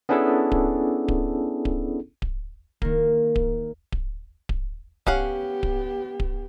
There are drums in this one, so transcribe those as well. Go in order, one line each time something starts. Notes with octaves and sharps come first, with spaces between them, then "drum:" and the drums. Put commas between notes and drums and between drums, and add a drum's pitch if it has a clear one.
B3 C#4 D4 E4 G#4 A4
drum: kick D1
drum: kick D1
drum: kick D1
drum: kick D1
D#3 A#3, drum: kick D1
drum: kick D1
drum: kick D1
drum: kick D1
B3 C#4 G4 F5 F#5, drum: kick D1
drum: kick D1
drum: kick D1